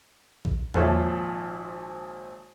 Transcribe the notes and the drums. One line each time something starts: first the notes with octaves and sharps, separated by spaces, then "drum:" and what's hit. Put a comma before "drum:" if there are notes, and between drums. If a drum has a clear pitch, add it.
drum: kick A#1
G#1 A#2 F3 A4 C#5 E5, drum: tom E2